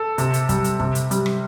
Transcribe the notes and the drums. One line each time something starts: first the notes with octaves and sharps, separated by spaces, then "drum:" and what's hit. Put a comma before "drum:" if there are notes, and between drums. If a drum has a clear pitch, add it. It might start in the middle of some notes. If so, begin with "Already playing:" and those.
Already playing: A4
C3, drum: hi-hat
drum: hi-hat
G3, drum: kick, hi-hat
drum: hi-hat
C3, drum: kick
drum: hi-hat
G3, drum: hi-hat
drum: rim click